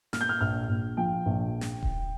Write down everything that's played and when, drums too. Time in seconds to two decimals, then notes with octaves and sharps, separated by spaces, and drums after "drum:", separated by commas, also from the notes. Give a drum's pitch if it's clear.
0.13 A#2 F6, drum: snare
0.21 G6
0.29 F6
0.41 A#1 F6
0.69 A#1
0.97 F3 G5
1.26 A#1
1.61 drum: snare
1.83 drum: kick D#1